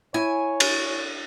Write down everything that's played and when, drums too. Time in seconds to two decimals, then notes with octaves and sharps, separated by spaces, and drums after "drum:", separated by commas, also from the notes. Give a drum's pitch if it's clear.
0.14 E4 C#5 G#5
0.60 drum: cymbal